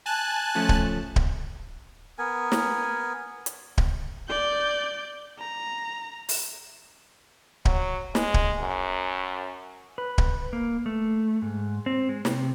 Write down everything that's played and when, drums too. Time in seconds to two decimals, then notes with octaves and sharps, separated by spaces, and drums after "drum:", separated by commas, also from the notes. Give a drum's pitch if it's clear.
0.06 G#5 A5 F#6
0.55 F3 A3 C#4
0.69 drum: kick D1
1.16 drum: kick D1
2.18 B3 A#4 G#5
2.52 drum: snare
3.46 drum: hi-hat
3.78 drum: kick D1
4.29 D5 G6
5.39 A#5
6.29 drum: open hi-hat
7.65 F#3, drum: kick D1
8.15 G#3, drum: snare
8.34 drum: kick D1
8.60 F#2
9.98 B4
10.18 drum: kick D1
10.53 A#3
10.86 A3
11.42 G#2
11.86 C4
12.09 G#3
12.25 C3, drum: snare